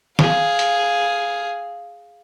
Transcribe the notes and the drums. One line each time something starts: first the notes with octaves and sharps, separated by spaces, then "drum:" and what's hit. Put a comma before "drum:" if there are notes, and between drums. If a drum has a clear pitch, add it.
G#4 F5, drum: snare
drum: hi-hat